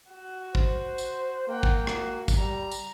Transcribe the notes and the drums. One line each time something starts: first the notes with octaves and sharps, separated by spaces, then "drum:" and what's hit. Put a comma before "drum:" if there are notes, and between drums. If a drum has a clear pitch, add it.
F#4
C5, drum: kick
drum: tambourine
A#3 F#5 G5
drum: kick
F#4, drum: rim click
drum: kick, tambourine
G3 A#5
drum: tambourine